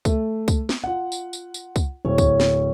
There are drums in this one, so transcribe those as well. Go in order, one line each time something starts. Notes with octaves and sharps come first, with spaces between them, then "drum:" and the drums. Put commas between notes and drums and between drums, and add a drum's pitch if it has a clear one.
A3, drum: kick, tambourine
drum: kick, tambourine
drum: snare
F4 F#5
drum: tambourine
drum: tambourine
drum: tambourine
drum: kick, tambourine
D1 C#5
drum: kick, tambourine
drum: snare